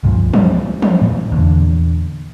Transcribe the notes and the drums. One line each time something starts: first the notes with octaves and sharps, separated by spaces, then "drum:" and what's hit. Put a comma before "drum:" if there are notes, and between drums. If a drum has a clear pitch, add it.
C#2 G2 A#2 F3
G3, drum: tom
drum: tom
A#2
E2 A#2 D3